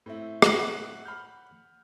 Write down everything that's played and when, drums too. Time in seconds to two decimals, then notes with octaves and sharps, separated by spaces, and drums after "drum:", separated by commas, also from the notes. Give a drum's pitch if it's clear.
0.06 A2 C4 E4
0.42 F#5, drum: rim click
1.05 B5 F6 G6